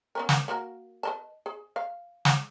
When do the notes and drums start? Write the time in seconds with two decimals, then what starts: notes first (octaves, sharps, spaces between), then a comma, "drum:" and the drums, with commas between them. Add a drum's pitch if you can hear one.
0.15 B3 C#4 A#4
0.29 drum: snare
0.48 A#3 F#4 A#4
1.03 B4 D#5 A5
1.46 G#4
1.76 F5
2.25 drum: snare